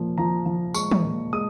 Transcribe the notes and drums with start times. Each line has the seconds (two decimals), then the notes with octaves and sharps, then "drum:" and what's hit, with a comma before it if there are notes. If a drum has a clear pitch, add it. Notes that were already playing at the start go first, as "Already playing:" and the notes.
Already playing: A#2 F3
0.18 F3 A#5
0.46 F3
0.74 G#3 C#6, drum: tambourine
0.91 drum: tom
1.04 A#2
1.33 G#3 D#6